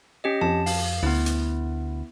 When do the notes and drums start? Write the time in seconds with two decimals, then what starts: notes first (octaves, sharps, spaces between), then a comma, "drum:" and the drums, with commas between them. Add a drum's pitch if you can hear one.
0.24 C#4 G4 D#5
0.41 F2 A5
0.66 F5, drum: open hi-hat
1.03 D2 B3 E4
1.26 drum: hi-hat